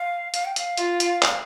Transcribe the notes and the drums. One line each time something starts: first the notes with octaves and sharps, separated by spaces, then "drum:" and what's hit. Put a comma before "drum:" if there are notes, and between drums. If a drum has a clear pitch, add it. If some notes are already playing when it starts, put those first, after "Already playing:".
Already playing: F5
F5, drum: hi-hat
G5
F5, drum: hi-hat
F4, drum: hi-hat
drum: hi-hat
drum: clap